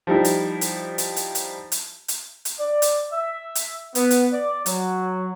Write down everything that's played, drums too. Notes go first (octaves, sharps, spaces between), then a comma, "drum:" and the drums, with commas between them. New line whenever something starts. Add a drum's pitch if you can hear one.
F3 G3 D#4 E4
drum: hi-hat
drum: hi-hat
drum: hi-hat
drum: hi-hat
drum: hi-hat
drum: hi-hat
drum: hi-hat
drum: hi-hat
D5
drum: hi-hat
E5
drum: hi-hat
B3, drum: hi-hat
drum: hi-hat
D5
F#3, drum: hi-hat